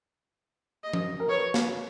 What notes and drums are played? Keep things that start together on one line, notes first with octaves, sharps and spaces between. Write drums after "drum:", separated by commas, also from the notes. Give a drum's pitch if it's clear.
D#5
drum: tom F3
A#4
B4 C#5
drum: snare